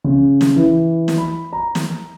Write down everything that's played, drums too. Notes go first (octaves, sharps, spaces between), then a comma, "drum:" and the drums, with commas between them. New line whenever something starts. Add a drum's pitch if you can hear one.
C#3
drum: snare
E3
drum: snare
B5
A#5
drum: snare